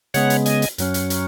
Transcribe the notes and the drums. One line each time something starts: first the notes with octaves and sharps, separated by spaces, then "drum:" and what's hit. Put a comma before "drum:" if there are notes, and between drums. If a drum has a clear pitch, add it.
C#3 G#3 B3 C#5 F#5, drum: hi-hat
drum: hi-hat
D#5 G#5, drum: hi-hat
drum: hi-hat
F#2 F#3 C#4, drum: hi-hat
drum: hi-hat
drum: hi-hat